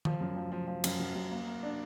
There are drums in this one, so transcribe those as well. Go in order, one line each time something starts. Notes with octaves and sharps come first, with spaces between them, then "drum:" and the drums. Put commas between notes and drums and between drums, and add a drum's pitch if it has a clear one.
F3, drum: tom D#3
F#2
F3
F3
F3
F#2, drum: cymbal
F#2
F#2
A#3
A#3
D4